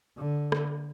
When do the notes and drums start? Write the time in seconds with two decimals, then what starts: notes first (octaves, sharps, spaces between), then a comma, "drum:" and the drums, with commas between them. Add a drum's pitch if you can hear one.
0.18 D3
0.52 drum: rim click